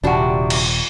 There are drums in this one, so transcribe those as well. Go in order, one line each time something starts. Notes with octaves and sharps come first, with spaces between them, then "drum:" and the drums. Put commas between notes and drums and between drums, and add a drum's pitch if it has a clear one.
D#1 C3 G3 D4 F4 F#4
drum: cymbal